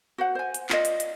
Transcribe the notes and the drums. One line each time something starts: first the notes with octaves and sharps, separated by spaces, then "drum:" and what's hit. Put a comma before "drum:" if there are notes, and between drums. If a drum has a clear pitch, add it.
F#4 C5 F#5
C5 G#5
drum: hi-hat
F4 D5 D#5, drum: clap
drum: hi-hat
drum: hi-hat